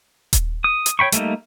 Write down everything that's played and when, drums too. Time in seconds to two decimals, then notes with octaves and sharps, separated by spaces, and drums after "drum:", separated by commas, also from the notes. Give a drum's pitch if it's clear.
0.33 drum: kick D#1, hi-hat
0.64 D#6
0.86 drum: hi-hat
0.99 C#5 G5 B5 C#6
1.12 G3 A3 A#3 D#4, drum: hi-hat